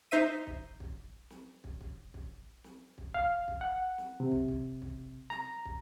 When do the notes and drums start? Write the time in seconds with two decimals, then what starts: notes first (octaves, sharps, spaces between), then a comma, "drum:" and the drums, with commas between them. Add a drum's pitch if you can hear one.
0.11 D#4 C5 E5 D#7
0.47 drum: kick
0.80 drum: kick
1.30 drum: snare
1.64 drum: kick
1.81 drum: kick
2.14 drum: kick
2.64 drum: snare
2.98 drum: kick
3.14 F5, drum: kick
3.48 drum: kick
3.61 F#5
3.98 drum: snare
4.20 C3
4.32 drum: kick
4.48 drum: kick
4.82 drum: kick
5.30 A#5, drum: snare
5.65 drum: kick